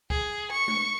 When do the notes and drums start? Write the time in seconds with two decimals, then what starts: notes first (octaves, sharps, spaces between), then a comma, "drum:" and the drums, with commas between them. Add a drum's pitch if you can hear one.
0.10 G#4, drum: kick C#2
0.52 C#6
0.68 drum: tom G#3